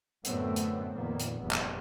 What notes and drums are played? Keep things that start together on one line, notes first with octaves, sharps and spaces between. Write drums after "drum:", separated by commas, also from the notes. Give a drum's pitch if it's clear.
F#2 A2 D3 A3 B3 C4, drum: hi-hat
drum: hi-hat
F2 A#2 D#3 A#3 B3
drum: hi-hat
F1 E2 G2 A#2
drum: clap